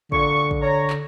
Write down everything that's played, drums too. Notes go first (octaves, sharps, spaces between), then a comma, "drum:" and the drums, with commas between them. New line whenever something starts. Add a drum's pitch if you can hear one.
A#2 D3 C#6, drum: kick
drum: kick
C#5 A#5
drum: clap